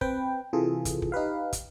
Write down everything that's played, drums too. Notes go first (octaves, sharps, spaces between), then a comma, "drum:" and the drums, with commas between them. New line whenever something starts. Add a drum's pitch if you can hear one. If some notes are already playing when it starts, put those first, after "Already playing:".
C4 B4 G5, drum: kick
C3 E3 F4 G#4 A4
drum: kick, hi-hat
drum: kick
D#4 G4 B4 F5
drum: kick, hi-hat